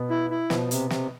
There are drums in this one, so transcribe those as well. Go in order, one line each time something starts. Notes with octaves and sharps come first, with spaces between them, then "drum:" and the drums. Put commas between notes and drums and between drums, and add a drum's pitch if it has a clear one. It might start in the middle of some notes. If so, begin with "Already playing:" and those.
Already playing: B2 B3
E4
E4
B2 F3 B3, drum: snare
C3, drum: hi-hat
C3, drum: snare